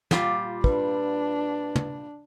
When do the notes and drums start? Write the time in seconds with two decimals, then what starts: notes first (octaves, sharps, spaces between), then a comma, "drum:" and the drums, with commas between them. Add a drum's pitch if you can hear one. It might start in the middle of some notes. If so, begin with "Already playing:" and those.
0.11 A#2 G3 F4, drum: snare
0.64 D4 B4, drum: kick
1.76 drum: tom